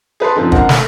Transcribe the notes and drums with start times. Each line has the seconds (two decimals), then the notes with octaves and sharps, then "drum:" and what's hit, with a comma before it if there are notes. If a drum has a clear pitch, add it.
0.20 G#4 B4 A5 C6
0.36 F#2 C#3 F3 C4 D#4
0.52 C#2 D4 A#4 C5 F#5, drum: kick
0.69 A3, drum: snare